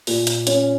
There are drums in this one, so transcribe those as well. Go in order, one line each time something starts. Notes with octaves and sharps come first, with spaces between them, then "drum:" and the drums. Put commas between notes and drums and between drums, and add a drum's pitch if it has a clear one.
A#2, drum: open hi-hat
drum: hi-hat
C#4, drum: hi-hat